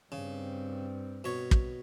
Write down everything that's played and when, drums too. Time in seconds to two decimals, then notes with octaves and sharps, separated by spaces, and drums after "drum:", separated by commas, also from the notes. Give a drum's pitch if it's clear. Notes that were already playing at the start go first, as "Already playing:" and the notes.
0.12 G2 C#3 C4
1.24 B2 C#5
1.51 drum: kick